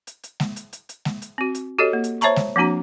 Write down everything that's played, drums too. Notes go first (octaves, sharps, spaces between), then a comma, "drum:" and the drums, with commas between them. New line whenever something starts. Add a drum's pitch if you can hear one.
drum: hi-hat
drum: hi-hat
drum: snare G#3
drum: hi-hat
drum: hi-hat
drum: hi-hat
drum: snare G#3
drum: hi-hat
C4 F#4
drum: hi-hat
F#4 G4 A4 C#5 D#5
A#3
drum: hi-hat
C5 C#5 E5 A5 A#5 C#6, drum: hi-hat
drum: snare G#3
F3 A#3 C4 D4 F#4 A#5